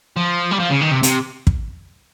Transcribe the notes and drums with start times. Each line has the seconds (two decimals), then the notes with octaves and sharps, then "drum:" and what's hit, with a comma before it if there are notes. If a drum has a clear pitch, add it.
0.16 F3
0.51 G3
0.60 F3
0.71 C#3
0.81 D#3
0.92 C3
1.03 C3, drum: hi-hat
1.47 drum: kick